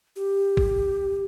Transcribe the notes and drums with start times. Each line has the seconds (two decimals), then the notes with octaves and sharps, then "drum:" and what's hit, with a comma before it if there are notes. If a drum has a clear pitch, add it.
0.16 G4
0.57 drum: kick